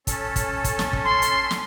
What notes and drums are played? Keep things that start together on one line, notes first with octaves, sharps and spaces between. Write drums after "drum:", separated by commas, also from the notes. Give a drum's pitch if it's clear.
C#4 A4, drum: kick, hi-hat
drum: kick, hi-hat
drum: kick, hi-hat
drum: snare
drum: kick
C6
drum: hi-hat
drum: snare